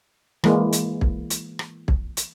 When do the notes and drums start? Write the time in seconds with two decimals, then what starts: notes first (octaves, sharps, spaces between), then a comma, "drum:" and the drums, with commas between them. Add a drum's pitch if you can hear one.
0.44 E3 G#3 A#3, drum: rim click
0.72 drum: hi-hat
1.01 drum: kick
1.30 drum: hi-hat
1.59 drum: rim click
1.88 drum: kick
2.17 drum: hi-hat